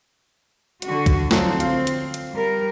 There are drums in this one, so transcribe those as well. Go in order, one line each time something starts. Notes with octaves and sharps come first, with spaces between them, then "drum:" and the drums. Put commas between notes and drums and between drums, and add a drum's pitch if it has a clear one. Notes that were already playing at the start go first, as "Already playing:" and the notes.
D3 F#4, drum: hi-hat
drum: kick, hi-hat
F3 F#3 C4, drum: snare
F4, drum: hi-hat
drum: hi-hat
drum: hi-hat
G3 A#4